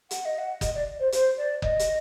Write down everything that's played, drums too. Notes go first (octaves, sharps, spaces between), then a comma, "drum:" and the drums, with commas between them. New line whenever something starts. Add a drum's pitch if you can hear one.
F#5, drum: hi-hat
D#5
F#5
D#5, drum: kick F#1, hi-hat
D5
C5
C5, drum: hi-hat
D5
D#5, drum: kick F#1
drum: hi-hat